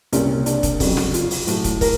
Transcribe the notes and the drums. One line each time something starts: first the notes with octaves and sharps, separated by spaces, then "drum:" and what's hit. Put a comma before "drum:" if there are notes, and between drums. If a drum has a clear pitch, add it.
C2 A#2 G3 C#4, drum: hi-hat
D4, drum: hi-hat
drum: kick, hi-hat
F2 C#3 F#3, drum: kick, open hi-hat
drum: snare
F4, drum: hi-hat
drum: open hi-hat
A2 F#3, drum: hi-hat
drum: kick, hi-hat
A#4, drum: kick, open hi-hat